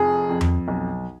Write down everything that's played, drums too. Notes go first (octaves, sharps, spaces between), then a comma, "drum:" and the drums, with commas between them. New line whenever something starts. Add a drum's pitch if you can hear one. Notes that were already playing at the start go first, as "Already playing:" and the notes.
Already playing: F1 F2 G#4
F2
drum: tom E2
B1